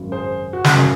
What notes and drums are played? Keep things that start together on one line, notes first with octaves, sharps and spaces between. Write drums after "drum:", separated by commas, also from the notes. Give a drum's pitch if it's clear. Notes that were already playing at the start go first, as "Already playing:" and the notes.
Already playing: G#1 F#2 C#3 F#3
G#4 C5
F#4
G#1 F#2 C#3 F#3 G#4, drum: snare